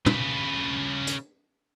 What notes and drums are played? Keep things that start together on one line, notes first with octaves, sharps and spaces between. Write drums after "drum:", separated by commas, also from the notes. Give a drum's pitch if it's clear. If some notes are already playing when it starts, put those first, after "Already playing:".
C#3 B4, drum: tom
drum: hi-hat